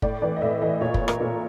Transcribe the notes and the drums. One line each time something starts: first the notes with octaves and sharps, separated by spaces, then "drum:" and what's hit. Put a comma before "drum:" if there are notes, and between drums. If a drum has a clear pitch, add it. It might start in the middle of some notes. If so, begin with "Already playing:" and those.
A2 D5, drum: kick
E3 D5
D#5
A2 E5
E3 D#5
A#2 C#5
B4, drum: kick
A#4, drum: rim click
A#2 A4